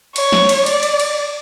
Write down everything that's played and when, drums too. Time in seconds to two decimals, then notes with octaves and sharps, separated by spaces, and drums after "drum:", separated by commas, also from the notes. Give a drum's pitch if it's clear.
0.16 C#5, drum: cymbal
0.32 drum: snare
0.49 drum: cymbal
0.66 D5, drum: cymbal
0.83 drum: cymbal
1.00 drum: cymbal